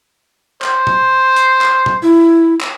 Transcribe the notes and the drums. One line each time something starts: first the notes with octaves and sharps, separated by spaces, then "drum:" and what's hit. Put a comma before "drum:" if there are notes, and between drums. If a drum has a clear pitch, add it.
C5, drum: clap
drum: tom A#2
drum: hi-hat
drum: clap
drum: tom A#2
E4
drum: clap